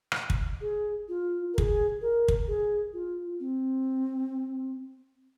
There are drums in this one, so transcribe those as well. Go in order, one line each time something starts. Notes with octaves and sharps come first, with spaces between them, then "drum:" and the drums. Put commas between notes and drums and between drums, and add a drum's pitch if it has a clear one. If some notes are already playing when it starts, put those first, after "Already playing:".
drum: rim click
drum: kick
G#4
F4
A#4
G#4, drum: kick
A#4
drum: kick
G#4
F4
C4